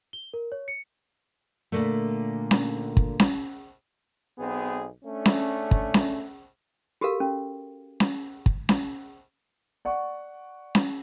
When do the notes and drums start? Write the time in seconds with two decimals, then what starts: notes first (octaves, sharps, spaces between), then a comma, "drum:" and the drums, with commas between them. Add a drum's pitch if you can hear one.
0.13 G7
0.34 A#4
0.52 C#5
0.68 C#7
1.72 A#2 D3 A3
2.51 drum: snare C#4
2.97 drum: kick
3.20 drum: snare C#4
4.38 B1 B3 C4 G#4
5.04 A3 C#4 D4
5.26 drum: snare C#4
5.71 drum: kick
5.94 drum: snare C#4
7.01 F#4 G4 A4 A#4 F5
7.20 C#4
8.00 drum: snare C#4
8.46 drum: kick
8.69 drum: snare C#4
9.85 D5 F#5 C#6
10.75 drum: snare C#4